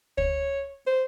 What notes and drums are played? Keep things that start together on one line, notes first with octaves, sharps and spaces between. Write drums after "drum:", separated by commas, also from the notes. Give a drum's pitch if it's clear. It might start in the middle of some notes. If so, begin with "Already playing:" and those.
C#5, drum: kick
C5